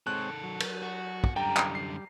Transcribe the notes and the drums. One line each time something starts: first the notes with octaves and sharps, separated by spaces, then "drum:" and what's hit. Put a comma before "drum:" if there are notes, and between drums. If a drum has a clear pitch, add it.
D#3 G#3 C4 A4 C#5 F#6
F#3
drum: cymbal
F#4
drum: kick
F#2 D3 G3 G5 A#5
drum: clap
C7